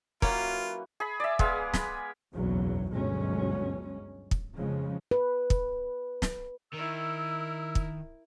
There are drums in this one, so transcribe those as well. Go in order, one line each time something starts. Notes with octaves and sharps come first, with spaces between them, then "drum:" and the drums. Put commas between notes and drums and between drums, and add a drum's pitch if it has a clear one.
F#3 A#3 C#4 E4 F4 A#4 B4, drum: kick
G#4 B5
D5 E5
G#3 B3 G#4 F5, drum: kick
B5, drum: snare
F#1 B1 E2 F#3
G1 D2 B2 F#3 G#3 C#4
drum: kick
F2 C#3 F3 G#3
B4
drum: kick
drum: snare
D#3 E4 A#4 E6
drum: kick